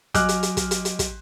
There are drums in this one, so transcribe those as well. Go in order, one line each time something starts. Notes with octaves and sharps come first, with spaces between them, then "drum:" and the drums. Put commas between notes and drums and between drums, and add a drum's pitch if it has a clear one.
F#3 D#5 G#5 D6 F6 F#6, drum: kick, hi-hat
drum: hi-hat
drum: hi-hat
drum: kick, hi-hat
drum: hi-hat
drum: hi-hat
drum: kick, hi-hat